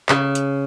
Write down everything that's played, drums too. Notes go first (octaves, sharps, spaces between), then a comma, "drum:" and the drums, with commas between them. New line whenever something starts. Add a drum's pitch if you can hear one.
C#3, drum: clap
drum: hi-hat